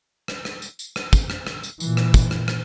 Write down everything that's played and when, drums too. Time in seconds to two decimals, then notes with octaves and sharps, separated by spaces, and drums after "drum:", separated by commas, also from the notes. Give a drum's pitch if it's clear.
0.28 drum: rim click
0.45 drum: rim click
0.62 drum: tambourine
0.79 drum: tambourine
0.96 drum: rim click
1.13 drum: kick, tambourine
1.30 drum: rim click
1.47 drum: rim click
1.63 drum: tambourine
1.80 A#2 E3, drum: tambourine
1.97 drum: rim click
2.14 drum: kick, tambourine
2.31 drum: rim click
2.48 drum: rim click